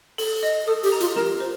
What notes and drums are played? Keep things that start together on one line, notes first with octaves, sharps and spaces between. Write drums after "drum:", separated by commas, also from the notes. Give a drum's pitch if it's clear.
A4, drum: open hi-hat
D#5
A4 D#6
G4, drum: open hi-hat
A#5
F4, drum: hi-hat
G4 A#4, drum: snare
C5